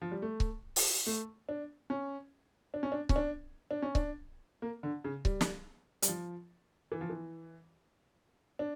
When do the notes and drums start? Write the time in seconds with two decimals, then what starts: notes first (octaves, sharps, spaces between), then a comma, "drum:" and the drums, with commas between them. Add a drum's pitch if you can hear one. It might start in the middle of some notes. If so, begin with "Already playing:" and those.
0.02 F3
0.12 G3
0.22 A3
0.40 drum: kick C#1
0.76 drum: open hi-hat
1.07 A3
1.49 D4
1.90 C#4
2.74 D4
2.83 C#4
2.92 D4
3.09 C#4, drum: kick C#1
3.16 D4
3.71 D4
3.82 C#4
3.95 D4, drum: kick C#1
4.62 A#3
4.83 D3
5.04 C#3
5.25 G3, drum: kick C#1
5.41 drum: snare
6.02 G3, drum: hi-hat
6.08 F3
6.92 E3
7.01 F3
7.10 E3
8.59 D4